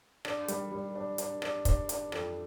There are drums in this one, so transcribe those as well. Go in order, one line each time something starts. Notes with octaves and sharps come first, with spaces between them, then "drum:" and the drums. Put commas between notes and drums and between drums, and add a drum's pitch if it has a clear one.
D4, drum: rim click
G3, drum: hi-hat
G3
D4
D4, drum: hi-hat
D4, drum: rim click
D4, drum: kick, hi-hat
D4, drum: hi-hat
F2, drum: rim click